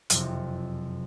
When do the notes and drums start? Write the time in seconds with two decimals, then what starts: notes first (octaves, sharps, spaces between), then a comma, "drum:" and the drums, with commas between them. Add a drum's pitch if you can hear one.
0.10 F#1 F2 C3, drum: hi-hat